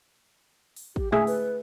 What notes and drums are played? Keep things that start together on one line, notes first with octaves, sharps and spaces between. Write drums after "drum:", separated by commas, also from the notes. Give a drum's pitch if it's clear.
drum: open hi-hat
G4, drum: kick
A3 G#4 E5 G#5, drum: tom A2
B4, drum: open hi-hat